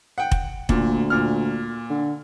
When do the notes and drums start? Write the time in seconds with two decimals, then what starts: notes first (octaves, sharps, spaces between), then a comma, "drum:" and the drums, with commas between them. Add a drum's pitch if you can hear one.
0.18 F#5 G5
0.32 drum: kick F1
0.69 D2 A#2, drum: kick F1
1.10 A#2 F6
1.89 D3